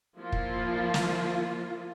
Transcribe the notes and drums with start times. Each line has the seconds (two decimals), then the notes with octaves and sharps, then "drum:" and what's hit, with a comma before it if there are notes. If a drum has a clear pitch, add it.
0.17 F3 A#3 E4 F4
0.32 drum: kick
0.94 drum: snare